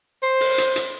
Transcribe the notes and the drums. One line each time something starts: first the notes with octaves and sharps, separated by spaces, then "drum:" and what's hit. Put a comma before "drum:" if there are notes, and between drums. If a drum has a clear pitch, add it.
C5
drum: open hi-hat
drum: hi-hat
drum: hi-hat